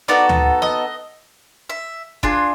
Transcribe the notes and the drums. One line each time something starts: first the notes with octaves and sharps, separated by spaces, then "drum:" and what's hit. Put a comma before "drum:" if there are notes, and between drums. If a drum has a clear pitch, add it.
B3 D#4 F#4 A4 D5
drum: tom D2
D#5, drum: snare
E5
D4 F4 G#4, drum: kick F#1